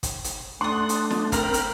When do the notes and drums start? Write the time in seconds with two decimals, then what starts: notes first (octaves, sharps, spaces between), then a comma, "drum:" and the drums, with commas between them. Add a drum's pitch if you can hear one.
0.03 drum: kick, hi-hat
0.24 drum: hi-hat
0.61 A3 D4 F#5 C6 D#6
0.89 drum: hi-hat
1.11 drum: snare
1.32 C4 A#4 F5 A#5 B5, drum: kick, hi-hat
1.54 drum: hi-hat